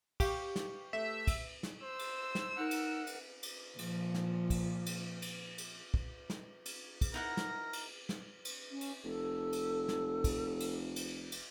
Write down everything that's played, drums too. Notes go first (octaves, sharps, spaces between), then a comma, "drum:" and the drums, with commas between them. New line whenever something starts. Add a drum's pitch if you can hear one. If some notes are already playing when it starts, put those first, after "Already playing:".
G4 F5 C#6, drum: kick, cymbal
drum: snare
A3 E5
drum: kick, cymbal
drum: snare
C5 E6
drum: cymbal
drum: snare
D#4 A#4 F#5
drum: cymbal
drum: cymbal
drum: cymbal
A#2 F3, drum: cymbal
drum: snare
drum: kick, cymbal
drum: cymbal
drum: cymbal
drum: cymbal
drum: kick
drum: snare
drum: cymbal
drum: kick, cymbal
D#4 E4 A#4 F#5 A#6
drum: snare
drum: cymbal
drum: snare
drum: cymbal
C#4
drum: cymbal
F1 A4
drum: cymbal
drum: snare
drum: kick, cymbal
drum: cymbal
drum: cymbal
drum: cymbal